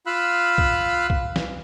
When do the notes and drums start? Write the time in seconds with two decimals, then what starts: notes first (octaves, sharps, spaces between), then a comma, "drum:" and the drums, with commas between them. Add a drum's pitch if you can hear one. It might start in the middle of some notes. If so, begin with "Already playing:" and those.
0.06 F4 F5 B5 E6 F#6
0.58 drum: kick
1.10 drum: kick
1.36 drum: snare